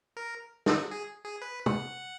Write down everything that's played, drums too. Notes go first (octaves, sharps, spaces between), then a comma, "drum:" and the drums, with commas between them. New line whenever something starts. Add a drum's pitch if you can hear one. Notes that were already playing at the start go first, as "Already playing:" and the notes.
A#4
F#4, drum: snare
G#4
G#4
B4
F#5, drum: tom